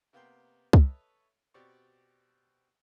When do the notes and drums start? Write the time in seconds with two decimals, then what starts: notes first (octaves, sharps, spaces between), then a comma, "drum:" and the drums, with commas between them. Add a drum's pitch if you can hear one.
0.13 C3 A#3 B3 G5 C6
0.73 A4 B4 C#5 D#5 E5, drum: kick
1.54 B2 C4 G4 D5 C#6